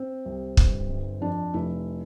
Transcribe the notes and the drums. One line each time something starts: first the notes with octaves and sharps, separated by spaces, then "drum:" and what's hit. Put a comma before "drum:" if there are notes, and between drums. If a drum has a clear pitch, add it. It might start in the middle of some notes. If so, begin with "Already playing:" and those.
Already playing: C4
C2
G1, drum: kick
G1
F2 D4
F1 E4